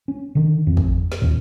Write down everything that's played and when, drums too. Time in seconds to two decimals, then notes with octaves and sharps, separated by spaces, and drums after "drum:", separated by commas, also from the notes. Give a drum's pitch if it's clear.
0.08 C#4
0.35 D3 D#3
0.67 F2
0.77 drum: kick
1.12 drum: snare
1.22 D#2 A#2